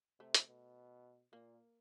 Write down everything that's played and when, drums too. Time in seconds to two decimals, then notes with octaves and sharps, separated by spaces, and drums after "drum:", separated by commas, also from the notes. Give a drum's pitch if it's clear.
0.19 C3 A3
0.34 drum: hi-hat
0.48 B2
1.33 A#2 A#3